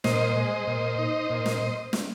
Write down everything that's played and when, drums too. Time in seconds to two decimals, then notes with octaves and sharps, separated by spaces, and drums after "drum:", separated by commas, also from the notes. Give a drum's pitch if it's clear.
0.04 A#2 C5 D#5, drum: snare
0.36 G#3
0.67 A#2
0.99 D#4
1.30 A#2
1.46 drum: snare
1.93 drum: snare